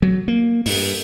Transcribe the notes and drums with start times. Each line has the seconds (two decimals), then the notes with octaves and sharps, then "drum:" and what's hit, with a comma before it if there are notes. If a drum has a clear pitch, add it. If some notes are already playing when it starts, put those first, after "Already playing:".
0.02 F#3
0.28 A#3
0.66 G2, drum: open hi-hat